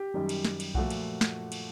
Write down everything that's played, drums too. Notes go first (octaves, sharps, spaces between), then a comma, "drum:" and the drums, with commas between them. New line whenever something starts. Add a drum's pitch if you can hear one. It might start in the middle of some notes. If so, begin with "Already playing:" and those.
Already playing: G4
F#2 D#3 G3
drum: cymbal
drum: snare
drum: cymbal
A#2 F3 A3 F#4, drum: kick B1
drum: cymbal
drum: snare
drum: cymbal